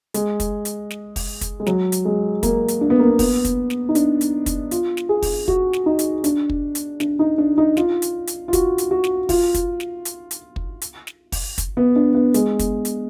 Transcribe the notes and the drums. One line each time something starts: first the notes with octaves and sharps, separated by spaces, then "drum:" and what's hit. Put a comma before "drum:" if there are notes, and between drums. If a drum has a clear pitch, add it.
G#3, drum: hi-hat
drum: kick, hi-hat
drum: hi-hat
drum: snare
drum: kick, open hi-hat
drum: kick, hi-hat
G#3
F#3, drum: snare
drum: hi-hat
G#3
A#3, drum: kick, hi-hat
drum: hi-hat
D4
B3
A#3
B3
B3, drum: kick, open hi-hat
drum: kick, hi-hat
drum: snare
D#4
D4, drum: hi-hat
drum: hi-hat
drum: kick, hi-hat
F4, drum: hi-hat
drum: snare
G#4
drum: kick, open hi-hat
F#4, drum: kick
drum: snare
D#4
drum: hi-hat
D4, drum: hi-hat
drum: kick
drum: hi-hat
D4, drum: snare
D#4
D4
D#4
F4, drum: snare
drum: hi-hat
drum: hi-hat
F4
F#4, drum: kick, hi-hat
drum: hi-hat
F#4
drum: snare
F4, drum: kick, open hi-hat
drum: kick, hi-hat
drum: snare
drum: hi-hat
drum: hi-hat
drum: kick
drum: hi-hat
drum: snare
drum: kick, open hi-hat
drum: kick, hi-hat
B3
D4
B3
G#3, drum: hi-hat
drum: kick, hi-hat
drum: hi-hat